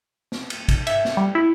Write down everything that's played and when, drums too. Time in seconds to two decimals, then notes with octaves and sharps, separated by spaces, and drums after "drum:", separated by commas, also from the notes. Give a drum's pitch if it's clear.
0.32 drum: snare
0.50 drum: cymbal
0.68 drum: kick, cymbal
0.87 E5, drum: cymbal
1.05 drum: snare
1.17 G3
1.35 E4